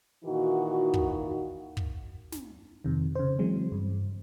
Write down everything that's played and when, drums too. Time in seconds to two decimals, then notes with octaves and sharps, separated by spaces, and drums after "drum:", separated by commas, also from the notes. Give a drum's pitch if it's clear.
0.24 A#2 D#3 E3 D#4 F#4
0.94 drum: kick
1.77 drum: kick
2.32 drum: snare
2.84 F2 C3 D#3
3.15 C#3 C5
3.39 E3 F#3 G#3 C4
3.72 G2